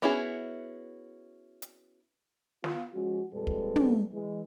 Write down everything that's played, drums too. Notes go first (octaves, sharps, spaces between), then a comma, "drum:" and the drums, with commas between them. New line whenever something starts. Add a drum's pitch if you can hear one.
B3 C#4 E4 F#4 G#4
drum: hi-hat
B3 F4, drum: snare
F3 G#3 C#4 F#4
F2 A#2 G3 G#3 A4 B4
drum: kick
drum: tom
E3 G#3